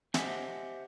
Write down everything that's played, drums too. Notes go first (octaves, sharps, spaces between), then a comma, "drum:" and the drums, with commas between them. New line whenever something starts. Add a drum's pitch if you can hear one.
G4 C5 D#5 E5 F#5 G#5, drum: snare